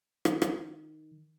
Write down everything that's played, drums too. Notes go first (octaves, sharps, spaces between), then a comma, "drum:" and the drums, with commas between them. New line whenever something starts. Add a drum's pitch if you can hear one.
D#3, drum: rim click
drum: rim click